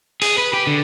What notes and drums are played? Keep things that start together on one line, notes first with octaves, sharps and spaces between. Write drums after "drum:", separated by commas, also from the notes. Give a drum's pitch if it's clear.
G#4, drum: open hi-hat
B4
G4
D3